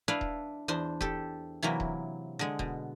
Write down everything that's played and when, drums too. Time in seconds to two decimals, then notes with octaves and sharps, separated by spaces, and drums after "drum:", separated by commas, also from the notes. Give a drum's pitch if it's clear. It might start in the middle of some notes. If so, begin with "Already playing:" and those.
0.08 D4 E4 B4 D5 F5
0.21 drum: kick D#1
0.68 E2 D4 C5 C6
1.01 G4 A4, drum: kick D#1
1.62 C3 E3 F#3 A#3
1.80 drum: kick D#1
2.39 D3 G#3
2.59 B2, drum: kick D#1